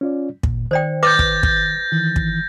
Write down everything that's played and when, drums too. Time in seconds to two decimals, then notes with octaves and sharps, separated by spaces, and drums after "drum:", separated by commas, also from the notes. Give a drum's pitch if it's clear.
0.01 C#4 F4 D5
0.43 D#2 A#2, drum: kick
0.71 D#3 C5 D5 G5
1.03 B4 C#6 D6 G6 A6 A#6
1.19 drum: kick
1.43 drum: kick
1.92 D#3 E3
2.16 drum: kick